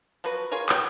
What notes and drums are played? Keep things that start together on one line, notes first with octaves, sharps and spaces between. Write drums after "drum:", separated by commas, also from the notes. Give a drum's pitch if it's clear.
F3 F#3 F#4 B4
F4 G#4 A#4 C#5
B3 C#5 F#5 G5, drum: clap